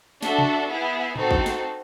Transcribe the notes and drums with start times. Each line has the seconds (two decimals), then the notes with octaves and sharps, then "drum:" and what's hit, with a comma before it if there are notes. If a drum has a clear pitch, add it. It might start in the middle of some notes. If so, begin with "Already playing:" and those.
0.23 D4 F#4 A4 E5, drum: snare
0.38 drum: tom B2
0.70 B3 E4 G#4
1.16 C4 D#4 F#4 A4, drum: tom A2
1.31 drum: kick A1
1.46 drum: snare